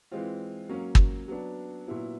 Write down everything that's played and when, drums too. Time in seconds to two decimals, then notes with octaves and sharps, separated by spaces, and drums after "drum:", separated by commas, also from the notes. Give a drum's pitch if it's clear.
0.12 E3 G#3 C4 F4
0.69 F#3 A#3 C#4
0.95 drum: kick
1.28 F#3 B3 D4
1.88 A#2 F#3 B3 E4